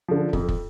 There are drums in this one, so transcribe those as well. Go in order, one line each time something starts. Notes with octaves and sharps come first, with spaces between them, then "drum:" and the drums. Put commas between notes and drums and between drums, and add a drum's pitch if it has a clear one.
D3 F3
F2, drum: kick
drum: kick